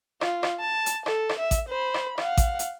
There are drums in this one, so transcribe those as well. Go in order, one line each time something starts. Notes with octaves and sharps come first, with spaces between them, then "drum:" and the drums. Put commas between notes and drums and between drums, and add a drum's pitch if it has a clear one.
F4, drum: rim click
drum: rim click
A5
drum: hi-hat
A4, drum: rim click
drum: rim click
E5
drum: kick A1, hi-hat
C5 B5
drum: rim click
F5 F#5, drum: rim click
drum: kick A1, hi-hat
drum: hi-hat